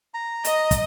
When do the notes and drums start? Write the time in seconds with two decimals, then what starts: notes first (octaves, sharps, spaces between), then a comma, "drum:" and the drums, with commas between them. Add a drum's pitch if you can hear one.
0.14 A#5
0.44 D#5, drum: hi-hat
0.71 drum: kick, hi-hat